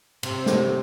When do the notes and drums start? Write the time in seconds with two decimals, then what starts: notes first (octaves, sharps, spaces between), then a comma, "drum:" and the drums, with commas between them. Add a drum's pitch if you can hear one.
0.23 C3, drum: cymbal
0.46 drum: snare